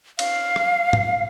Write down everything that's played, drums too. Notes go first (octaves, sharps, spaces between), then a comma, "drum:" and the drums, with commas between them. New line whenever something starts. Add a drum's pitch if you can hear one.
F5, drum: cymbal
drum: rim click
drum: tom